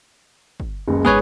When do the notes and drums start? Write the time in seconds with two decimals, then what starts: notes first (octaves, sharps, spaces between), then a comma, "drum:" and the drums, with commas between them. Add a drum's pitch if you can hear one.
0.60 drum: kick
0.88 F#1 C#2
1.05 G#2 G#4 B4 C#5, drum: kick